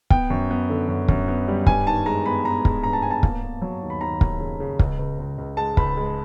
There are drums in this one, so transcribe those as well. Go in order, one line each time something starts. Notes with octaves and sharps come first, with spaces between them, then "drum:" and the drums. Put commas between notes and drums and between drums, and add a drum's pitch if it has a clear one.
B3 G5, drum: kick
F#2
B3
D3
F#2
F#2, drum: kick
B3
G3
G2 G#5, drum: kick
D#3 A5
G#3 A#5
B3 B5
B3 A#5
G#3, drum: kick
G2 A#5
A5
B3 G#5
A5
A#3, drum: kick
A#3
F#3
D#2
B5
D#2 A#5
D#2, drum: kick
C#3
C#3
C#2, drum: kick
C#2
C#2
C#2
G#3 A5
C#2 B5, drum: kick
G#3